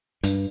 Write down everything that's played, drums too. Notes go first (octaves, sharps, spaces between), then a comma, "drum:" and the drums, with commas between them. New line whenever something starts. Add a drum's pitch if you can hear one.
G2, drum: hi-hat